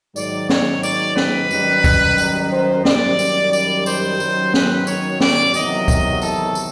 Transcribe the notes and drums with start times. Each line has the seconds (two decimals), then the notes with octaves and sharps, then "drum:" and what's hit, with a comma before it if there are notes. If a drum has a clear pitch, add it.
0.16 G#2 D#3 F#3 D5, drum: tambourine
0.49 C#5, drum: snare
0.83 D5, drum: tambourine
1.17 B4, drum: snare
1.51 F#2 D#3 G3, drum: tambourine
1.84 drum: kick, tambourine
2.18 drum: tambourine
2.51 C5
2.85 F#2 D#3 G3 D5, drum: snare
3.19 drum: tambourine
3.53 D5, drum: tambourine
3.86 C5, drum: tambourine
4.20 F#2 D#3 F#3, drum: tambourine
4.54 B4, drum: snare
4.87 C#5, drum: tambourine
5.21 D5, drum: snare
5.54 E2 C3 D#3 F#3 D#5, drum: tambourine
5.88 drum: kick, tambourine
6.22 A4, drum: tambourine
6.55 drum: tambourine